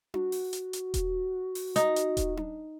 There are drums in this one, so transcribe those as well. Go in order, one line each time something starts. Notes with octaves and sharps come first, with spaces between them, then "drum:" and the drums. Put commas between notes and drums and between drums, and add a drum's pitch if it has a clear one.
F#4, drum: tom D4
drum: open hi-hat
drum: hi-hat
drum: hi-hat
drum: kick D#1, hi-hat
drum: open hi-hat
D#4, drum: hi-hat
drum: hi-hat
drum: kick D#1, hi-hat
drum: tom D4